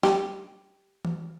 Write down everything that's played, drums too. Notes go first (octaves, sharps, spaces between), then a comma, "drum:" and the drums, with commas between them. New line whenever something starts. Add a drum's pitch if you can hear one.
G4, drum: snare
drum: tom E3